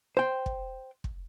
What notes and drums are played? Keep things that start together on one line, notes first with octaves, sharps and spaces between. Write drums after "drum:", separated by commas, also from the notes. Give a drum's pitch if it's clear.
C5 G5
drum: kick
drum: kick